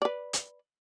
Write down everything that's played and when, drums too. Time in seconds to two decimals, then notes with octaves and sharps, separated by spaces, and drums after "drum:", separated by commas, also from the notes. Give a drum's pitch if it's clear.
0.02 B4 D5
0.33 drum: hi-hat